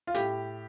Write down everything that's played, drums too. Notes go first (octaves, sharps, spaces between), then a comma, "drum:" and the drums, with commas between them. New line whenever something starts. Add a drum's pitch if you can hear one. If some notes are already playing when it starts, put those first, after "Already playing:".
F4
A2 G4, drum: hi-hat